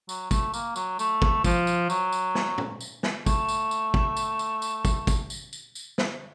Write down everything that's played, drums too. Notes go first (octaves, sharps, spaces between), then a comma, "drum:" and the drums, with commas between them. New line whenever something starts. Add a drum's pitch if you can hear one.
F#3, drum: tambourine
A3, drum: kick, tambourine
A#3, drum: tambourine
F#3, drum: tambourine
A3, drum: tambourine
drum: kick
F3, drum: kick, tambourine
drum: tambourine
F#3, drum: tambourine
drum: tambourine
drum: snare
drum: tom
drum: tambourine
drum: snare
A3, drum: kick, tambourine
drum: tambourine
drum: tambourine
drum: kick
drum: tambourine
drum: tambourine
drum: tambourine
drum: kick, tambourine
drum: kick, tambourine
drum: tambourine
drum: tambourine
drum: tambourine
drum: snare